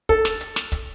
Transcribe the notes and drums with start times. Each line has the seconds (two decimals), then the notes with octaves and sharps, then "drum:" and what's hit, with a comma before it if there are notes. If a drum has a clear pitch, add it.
0.09 A4, drum: kick
0.25 drum: snare
0.41 drum: hi-hat
0.56 drum: snare
0.72 drum: kick, hi-hat